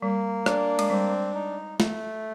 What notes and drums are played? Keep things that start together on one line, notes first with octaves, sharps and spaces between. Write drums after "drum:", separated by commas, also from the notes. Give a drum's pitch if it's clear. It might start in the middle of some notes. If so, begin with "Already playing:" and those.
G3 A#3
D4, drum: rim click
G#3, drum: cymbal
G3 C4
D#4
A3, drum: snare